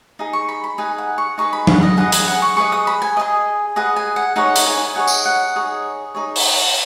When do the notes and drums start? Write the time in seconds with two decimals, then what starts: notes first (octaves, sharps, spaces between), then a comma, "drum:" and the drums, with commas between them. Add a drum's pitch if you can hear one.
0.19 D#4 G#4
0.33 C#6
0.49 B5
0.64 B5
0.78 D#4 G#4 B4 G#5
0.98 F#5
1.18 C#6
1.38 D#4 G#4 B4 C#6
1.53 B5
1.67 F#5, drum: tom F#3
1.83 D#5
1.97 G#4 B4 D#5 F#5
2.12 G#5, drum: hi-hat
2.27 F#5
2.42 C#6
2.57 G#4 B4 D#5 C#6
2.72 D#6
2.87 B5
3.02 G#5
3.17 G#4 B4 D#5
3.76 G#4 B4 D#5 F#5
3.96 G#5
4.16 F#5
4.36 D#4 G#4 C#5 F#5
4.56 drum: hi-hat
4.66 G#5
4.95 D#4 G#4 C#5 F#5
5.07 drum: tambourine
5.25 F#5
5.56 D#4 G#4 C#5
6.14 D#4 G#4 C#5
6.36 drum: open hi-hat